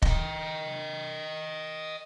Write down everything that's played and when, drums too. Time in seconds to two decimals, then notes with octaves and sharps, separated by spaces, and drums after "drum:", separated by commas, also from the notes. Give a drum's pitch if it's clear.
0.02 D#5 G5, drum: kick